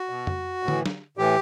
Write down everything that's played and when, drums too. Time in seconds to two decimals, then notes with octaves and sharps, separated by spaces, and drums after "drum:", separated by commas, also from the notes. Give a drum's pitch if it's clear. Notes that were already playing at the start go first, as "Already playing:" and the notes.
Already playing: F#4
0.09 B2
0.27 drum: tom F2
0.63 A2
0.68 E3, drum: tom D3
0.86 drum: snare
1.17 A2 E3 G4